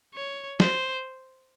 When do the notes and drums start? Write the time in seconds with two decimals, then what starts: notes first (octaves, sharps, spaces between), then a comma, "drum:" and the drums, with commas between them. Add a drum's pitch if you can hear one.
0.14 C#5
0.60 C5, drum: snare